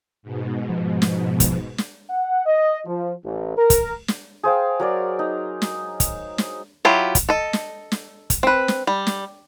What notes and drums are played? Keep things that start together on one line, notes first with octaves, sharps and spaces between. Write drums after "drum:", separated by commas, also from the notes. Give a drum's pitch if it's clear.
G#2 B2
F3
drum: snare
drum: kick, hi-hat
drum: snare
F#5
D#5
F3
A1
A#4
drum: kick, hi-hat
drum: snare
G#4 C5 F5 G5
F#3 A#4 D5
D#4
drum: snare
drum: kick, hi-hat
drum: snare
F#3 E4 F4 G4
drum: kick, hi-hat
A4 D#5
drum: snare
drum: snare
drum: kick, hi-hat
C4 B4
drum: snare
G3
drum: snare